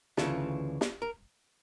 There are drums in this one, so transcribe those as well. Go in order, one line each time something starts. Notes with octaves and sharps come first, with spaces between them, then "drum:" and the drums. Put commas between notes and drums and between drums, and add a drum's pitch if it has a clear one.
D2 C#3 E3 F4 A4, drum: snare
drum: snare
A#4